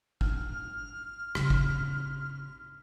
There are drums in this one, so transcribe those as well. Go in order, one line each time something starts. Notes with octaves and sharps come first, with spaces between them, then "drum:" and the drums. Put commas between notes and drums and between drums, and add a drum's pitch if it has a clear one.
F6, drum: kick
C#3 C4, drum: rim click
drum: kick